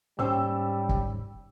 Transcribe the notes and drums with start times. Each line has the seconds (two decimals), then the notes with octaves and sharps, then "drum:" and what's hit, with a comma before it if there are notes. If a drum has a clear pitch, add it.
0.19 D#2 G#2 G3 C#4 C5 G5 E6
0.89 drum: kick